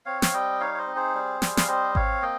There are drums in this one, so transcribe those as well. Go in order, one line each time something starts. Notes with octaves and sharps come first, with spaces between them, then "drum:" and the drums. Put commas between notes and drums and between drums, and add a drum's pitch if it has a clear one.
C4 C#5 F5
F5, drum: snare
G3 D#5 G5
D#4 C#5 F5
C#5
C5 D#5
C4
G#4 C5
G3
G3, drum: snare
F5, drum: snare
C4 C5 D#5
C4 C#5 F5, drum: kick G#1
A#3 D#5 G5